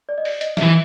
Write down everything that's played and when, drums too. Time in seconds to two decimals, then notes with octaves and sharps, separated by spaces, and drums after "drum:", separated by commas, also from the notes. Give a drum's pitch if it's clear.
0.09 D5
0.18 D#5
0.25 D5, drum: open hi-hat
0.41 D#5, drum: hi-hat
0.57 E5, drum: snare
0.62 E3